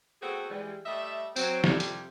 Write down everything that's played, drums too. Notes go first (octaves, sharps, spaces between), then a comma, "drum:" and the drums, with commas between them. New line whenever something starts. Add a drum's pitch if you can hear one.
A3 B3 C4 F#4 G#4 A4
E3 G3 G#3
G3 A3 D#5 E5
F#3 C4, drum: tambourine
F2 C3 G3, drum: snare
drum: hi-hat